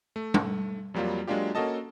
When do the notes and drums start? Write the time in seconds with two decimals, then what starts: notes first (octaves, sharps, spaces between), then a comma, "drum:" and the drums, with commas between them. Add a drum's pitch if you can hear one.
0.16 A3
0.34 drum: tom G3
0.94 F2 F#3 G3 A#3 F4
1.27 F#3 G#3 A#3 D4 F4 G4
1.55 A#3 C#4 F#4 A4 D#5 A5